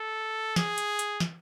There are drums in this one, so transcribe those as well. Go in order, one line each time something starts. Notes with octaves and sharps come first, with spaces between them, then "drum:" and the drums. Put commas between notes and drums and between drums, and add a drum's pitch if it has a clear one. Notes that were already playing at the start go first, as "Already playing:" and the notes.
Already playing: A4
G#4, drum: snare
drum: hi-hat
drum: hi-hat
drum: snare